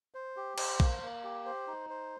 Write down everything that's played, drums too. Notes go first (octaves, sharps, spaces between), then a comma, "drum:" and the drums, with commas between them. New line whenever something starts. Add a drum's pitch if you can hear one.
C5
G4
C5, drum: cymbal
A#3, drum: kick A#1
A#3
G4
C5
D#4
C5